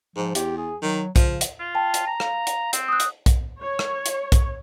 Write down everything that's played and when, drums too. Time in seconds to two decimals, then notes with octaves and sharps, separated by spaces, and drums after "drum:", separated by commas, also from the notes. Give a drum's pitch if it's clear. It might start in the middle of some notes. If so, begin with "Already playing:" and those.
0.16 G#2 F3
0.35 E2 G4, drum: hi-hat
0.58 G#4
0.82 D#3 F#3
1.16 C#3 F3, drum: kick B1, hi-hat
1.41 drum: hi-hat
1.59 F4
1.75 G5 A5
1.94 drum: hi-hat
2.07 A#5
2.20 F5, drum: rim click
2.47 drum: hi-hat
2.73 C4, drum: hi-hat
2.88 D#6 F#6
3.00 drum: hi-hat
3.26 drum: kick B1, hi-hat
3.61 C#5
3.79 drum: rim click
4.06 drum: hi-hat
4.32 drum: kick B1, hi-hat